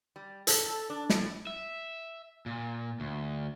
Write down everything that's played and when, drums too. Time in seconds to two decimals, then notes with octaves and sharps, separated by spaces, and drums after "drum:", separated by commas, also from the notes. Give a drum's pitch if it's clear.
0.16 G3
0.47 A4, drum: hi-hat
0.66 A4
0.90 D4
1.10 A2, drum: snare
1.47 E5
2.46 A#2
3.00 D2